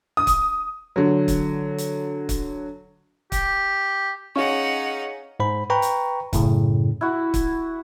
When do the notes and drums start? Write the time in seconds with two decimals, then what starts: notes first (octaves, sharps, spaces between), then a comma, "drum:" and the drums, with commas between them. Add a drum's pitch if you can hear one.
0.17 D#6
0.27 drum: kick, hi-hat
0.96 D3 F#3
1.28 drum: kick, hi-hat
1.78 drum: hi-hat
2.29 drum: kick, hi-hat
3.32 G4, drum: kick, hi-hat
4.36 C#4 D#4 G#4 F5 F#5 C#6
5.40 G#2 C5 B5
5.70 B4 G5 A#5 B5 C#6
5.82 drum: hi-hat
6.33 F#2 A2 C#3, drum: kick, hi-hat
7.01 E4 F#4
7.34 drum: kick, hi-hat